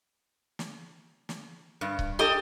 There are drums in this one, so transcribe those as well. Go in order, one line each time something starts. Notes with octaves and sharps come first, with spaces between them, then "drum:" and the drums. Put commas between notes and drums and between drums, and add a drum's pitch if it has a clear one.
drum: snare
drum: snare
G2
drum: kick C#1
G4 A4 D#5